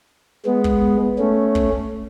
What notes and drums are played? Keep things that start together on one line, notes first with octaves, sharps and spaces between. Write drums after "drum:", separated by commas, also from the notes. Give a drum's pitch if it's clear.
G#3 B3
drum: kick
A3 C#4
drum: kick